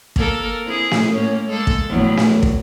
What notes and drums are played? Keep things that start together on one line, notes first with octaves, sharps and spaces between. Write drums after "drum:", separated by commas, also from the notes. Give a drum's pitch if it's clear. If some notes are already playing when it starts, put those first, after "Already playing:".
A#3 A4 A#4, drum: kick
C4 E4 G#4
drum: snare
A2 A#3 C#4
G#3 A#3 A4
drum: kick
E2 A2 F#3
drum: snare
drum: kick